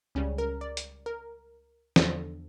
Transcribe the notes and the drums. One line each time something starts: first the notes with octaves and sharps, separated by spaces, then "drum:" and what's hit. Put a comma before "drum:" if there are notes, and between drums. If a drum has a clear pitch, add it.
C#2 C#3 G3 C#4
A#4
D5
drum: hi-hat
A#4
E2 D3 F3 A4, drum: snare